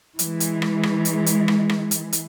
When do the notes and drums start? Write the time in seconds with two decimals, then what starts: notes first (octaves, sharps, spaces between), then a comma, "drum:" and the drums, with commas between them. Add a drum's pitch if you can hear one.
0.19 E3 G#3, drum: hi-hat
0.40 drum: hi-hat
0.62 drum: rim click
0.83 drum: rim click
1.05 drum: hi-hat
1.26 drum: hi-hat
1.48 drum: rim click
1.69 drum: rim click
1.91 drum: hi-hat
2.13 drum: hi-hat